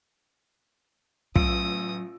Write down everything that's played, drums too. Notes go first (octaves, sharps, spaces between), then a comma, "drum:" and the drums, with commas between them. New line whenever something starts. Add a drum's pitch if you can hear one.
A1 F#3 F4 D#6 E6 D7, drum: kick